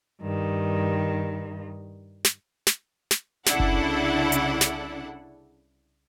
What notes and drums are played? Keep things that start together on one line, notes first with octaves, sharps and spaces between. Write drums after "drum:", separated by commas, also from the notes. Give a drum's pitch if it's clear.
G2 D#3
drum: snare
drum: snare
drum: snare
C2 C#3 D4 E4 A4 F#5, drum: snare
drum: kick F#1
drum: hi-hat
drum: snare